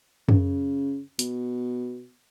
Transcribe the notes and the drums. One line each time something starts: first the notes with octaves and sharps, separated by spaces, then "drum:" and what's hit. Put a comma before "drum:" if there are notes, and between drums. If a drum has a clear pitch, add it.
C#3, drum: tom F#2
B2, drum: hi-hat